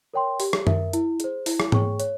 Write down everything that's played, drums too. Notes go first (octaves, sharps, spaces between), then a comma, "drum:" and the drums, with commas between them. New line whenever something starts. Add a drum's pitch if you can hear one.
A#4 C#5 G5 C6
G4, drum: open hi-hat
drum: rim click
A#4 E5, drum: tom F#2
E4, drum: hi-hat
G#4 C5, drum: hi-hat
E4, drum: open hi-hat
drum: rim click
G#4 C#5 G5 C#6, drum: tom G#2
C#5, drum: hi-hat